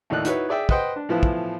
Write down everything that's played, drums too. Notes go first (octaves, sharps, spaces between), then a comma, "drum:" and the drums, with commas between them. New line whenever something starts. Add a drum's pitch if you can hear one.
D#2 A2 D#4 D5 F#6
D#4 E4 F#4 B4 C#5, drum: hi-hat
G#4 D5 E5 G5
B4 C5 D#5 F#5 G5, drum: kick
D4
A2 E3 F3 B3 E4
drum: kick